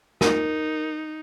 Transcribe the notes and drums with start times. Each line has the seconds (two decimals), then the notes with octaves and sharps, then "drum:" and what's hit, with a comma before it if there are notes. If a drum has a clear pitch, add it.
0.21 D#4 A#4, drum: snare